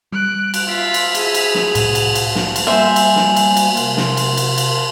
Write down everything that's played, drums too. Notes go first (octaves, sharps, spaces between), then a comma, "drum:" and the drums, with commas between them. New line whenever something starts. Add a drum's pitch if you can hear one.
G3 F#6 D7
drum: cymbal
F4 E5 B6
drum: cymbal
G#4, drum: cymbal
drum: cymbal
drum: snare
C2 A2, drum: cymbal
drum: cymbal
drum: cymbal
drum: snare
drum: cymbal
G3 A#3 C5 E5 G#5
drum: cymbal
drum: snare
drum: cymbal
drum: cymbal
C3 A#4 C6, drum: cymbal
drum: snare
drum: cymbal
drum: cymbal
drum: cymbal